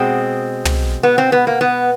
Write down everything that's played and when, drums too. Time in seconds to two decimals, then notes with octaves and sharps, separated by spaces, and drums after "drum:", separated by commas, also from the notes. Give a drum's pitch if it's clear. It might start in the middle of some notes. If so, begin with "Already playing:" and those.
Already playing: B2 G#3 C4
0.65 drum: tom
1.03 B3
1.18 C4
1.32 B3
1.47 A#3
1.61 B3